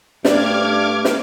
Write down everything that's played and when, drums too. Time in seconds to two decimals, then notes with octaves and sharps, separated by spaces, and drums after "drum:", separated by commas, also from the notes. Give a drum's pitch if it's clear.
0.25 G2 A3 D4 D6 F6 G#6, drum: snare
1.05 drum: snare